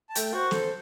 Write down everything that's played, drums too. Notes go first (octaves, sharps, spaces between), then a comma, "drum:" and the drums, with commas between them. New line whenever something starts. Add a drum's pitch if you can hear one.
A5
A3 G5, drum: hi-hat
F#4 C5
A4 C5, drum: snare